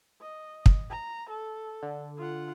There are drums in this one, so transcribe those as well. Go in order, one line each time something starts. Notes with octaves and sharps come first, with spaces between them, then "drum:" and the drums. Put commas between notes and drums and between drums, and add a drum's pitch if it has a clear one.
D#5
drum: kick
A#5
A4
D3
F4 F#5